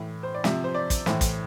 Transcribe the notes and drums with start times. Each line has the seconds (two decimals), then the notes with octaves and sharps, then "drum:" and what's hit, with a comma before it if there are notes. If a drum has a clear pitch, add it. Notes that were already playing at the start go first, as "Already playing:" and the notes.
Already playing: A2 E3
0.23 C5
0.34 D5
0.44 C3 F3 E5, drum: snare
0.64 C5
0.74 D5
0.90 drum: kick, hi-hat
1.06 A2 E3 C5, drum: snare
1.21 drum: kick, hi-hat